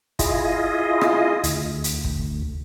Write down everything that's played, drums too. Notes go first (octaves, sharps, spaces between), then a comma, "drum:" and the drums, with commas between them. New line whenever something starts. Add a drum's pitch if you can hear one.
E4 F4 G#4 D#5, drum: kick, hi-hat
drum: rim click
D2, drum: hi-hat
drum: hi-hat
drum: kick